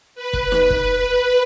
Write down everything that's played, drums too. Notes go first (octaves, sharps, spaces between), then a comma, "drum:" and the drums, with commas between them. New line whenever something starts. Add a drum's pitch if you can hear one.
B4
drum: kick
drum: snare
drum: kick